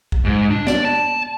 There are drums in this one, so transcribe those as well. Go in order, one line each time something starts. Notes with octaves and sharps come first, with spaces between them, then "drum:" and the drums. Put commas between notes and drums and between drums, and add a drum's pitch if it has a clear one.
drum: kick B1
G#2
D4
D5, drum: snare
A5